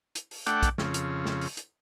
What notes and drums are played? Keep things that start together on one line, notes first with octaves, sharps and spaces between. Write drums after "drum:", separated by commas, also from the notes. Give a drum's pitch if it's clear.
drum: hi-hat
drum: open hi-hat
A3 D4 F#5 G5, drum: hi-hat
drum: kick, hi-hat
F2 C#3, drum: snare
drum: hi-hat
drum: snare
drum: open hi-hat
drum: hi-hat